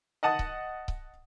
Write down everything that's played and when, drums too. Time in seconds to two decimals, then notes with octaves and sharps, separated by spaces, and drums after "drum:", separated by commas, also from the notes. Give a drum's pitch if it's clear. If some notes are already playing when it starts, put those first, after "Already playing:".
0.23 D#5 F#5 A5 D#6
0.39 drum: kick C#1
0.88 drum: kick C#1